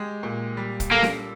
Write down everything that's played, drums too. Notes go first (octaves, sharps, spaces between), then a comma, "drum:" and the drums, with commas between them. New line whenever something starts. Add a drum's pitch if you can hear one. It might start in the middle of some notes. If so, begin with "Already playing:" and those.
Already playing: G#3 G4
A#2
G3
drum: kick, hi-hat
A#3 A4
drum: snare